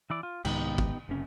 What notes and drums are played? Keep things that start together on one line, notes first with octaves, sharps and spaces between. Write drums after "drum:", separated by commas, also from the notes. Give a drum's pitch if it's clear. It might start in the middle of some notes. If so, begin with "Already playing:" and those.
E3 E4 D5
F4
C2 G#2 D#3 B3 D#4 G4, drum: cymbal
drum: kick
F#1 C3 C#4